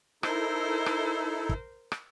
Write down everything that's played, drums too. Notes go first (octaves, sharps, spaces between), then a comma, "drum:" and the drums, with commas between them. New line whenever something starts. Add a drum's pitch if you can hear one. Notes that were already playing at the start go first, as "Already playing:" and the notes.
D#4 E4 A4 A#4 C5, drum: rim click
drum: rim click
drum: kick
drum: rim click